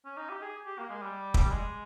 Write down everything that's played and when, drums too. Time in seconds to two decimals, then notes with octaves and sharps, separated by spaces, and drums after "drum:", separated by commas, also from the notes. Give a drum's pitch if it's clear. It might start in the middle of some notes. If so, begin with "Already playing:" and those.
0.05 C#4
0.17 D#4
0.29 G4
0.42 G#4
0.65 G4
0.78 A#3
0.90 G#3
1.02 G3
1.34 drum: kick
1.44 G3
1.51 G#3